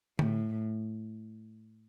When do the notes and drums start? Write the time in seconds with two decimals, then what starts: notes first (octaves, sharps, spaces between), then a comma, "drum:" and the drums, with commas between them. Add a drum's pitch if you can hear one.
0.19 A2, drum: tom D3